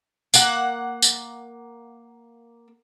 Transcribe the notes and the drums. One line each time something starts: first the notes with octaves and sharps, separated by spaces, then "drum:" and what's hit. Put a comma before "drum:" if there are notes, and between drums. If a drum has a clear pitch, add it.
A#3 F#5, drum: tambourine
drum: tambourine